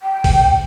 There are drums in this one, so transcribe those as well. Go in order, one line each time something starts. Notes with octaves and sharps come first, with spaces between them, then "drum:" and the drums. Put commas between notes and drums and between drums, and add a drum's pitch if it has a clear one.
G5
drum: kick, open hi-hat